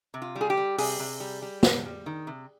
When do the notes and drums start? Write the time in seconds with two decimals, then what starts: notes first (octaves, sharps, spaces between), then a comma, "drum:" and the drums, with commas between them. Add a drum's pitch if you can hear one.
0.14 C3
0.22 F4
0.36 G3
0.41 G#4
0.50 G4
0.57 G3
0.78 C3 G#4, drum: open hi-hat
0.99 C3
1.20 G3
1.42 G3
1.63 C3, drum: snare
1.85 G3
2.06 D#3
2.27 C3